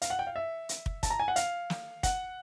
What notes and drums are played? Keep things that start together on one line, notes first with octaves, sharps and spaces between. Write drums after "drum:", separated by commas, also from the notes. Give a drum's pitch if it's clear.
F5, drum: hi-hat
F#5
G5
F5
E5
drum: hi-hat
drum: kick
A5, drum: kick, hi-hat
A#5
G#5
F#5
F5, drum: hi-hat
drum: snare
F#5, drum: kick, hi-hat